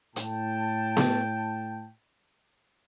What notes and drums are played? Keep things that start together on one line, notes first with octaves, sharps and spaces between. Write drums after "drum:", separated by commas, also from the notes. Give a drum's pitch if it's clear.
A2 G5 A5, drum: hi-hat
drum: snare B3